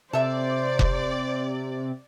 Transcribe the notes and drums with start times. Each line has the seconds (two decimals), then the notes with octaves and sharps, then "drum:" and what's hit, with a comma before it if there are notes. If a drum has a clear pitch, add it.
0.13 C3 A4 C5 D5 E5
0.79 drum: kick F1